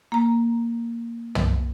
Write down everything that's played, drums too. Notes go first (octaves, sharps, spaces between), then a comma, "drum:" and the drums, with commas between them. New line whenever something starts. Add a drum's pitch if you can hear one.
A#3 A#5
drum: tom